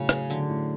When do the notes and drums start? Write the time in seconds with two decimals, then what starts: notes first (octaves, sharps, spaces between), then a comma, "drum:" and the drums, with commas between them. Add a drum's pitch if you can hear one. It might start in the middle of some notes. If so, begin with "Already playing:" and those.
Already playing: A2 C#3 F#3 C#4
0.09 G#4, drum: rim click
0.30 D3 F#3
0.49 A2